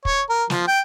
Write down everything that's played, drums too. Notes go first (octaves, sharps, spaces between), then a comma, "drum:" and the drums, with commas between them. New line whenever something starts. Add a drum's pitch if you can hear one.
C#5, drum: kick
A#4
F3, drum: snare
G5